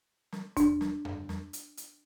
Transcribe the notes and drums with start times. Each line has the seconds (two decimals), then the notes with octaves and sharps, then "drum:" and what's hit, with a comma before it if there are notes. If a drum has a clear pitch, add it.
0.32 drum: snare
0.57 D4, drum: kick E2, hi-hat
0.81 drum: snare
1.05 drum: tom F2
1.29 drum: snare
1.53 drum: hi-hat
1.77 drum: hi-hat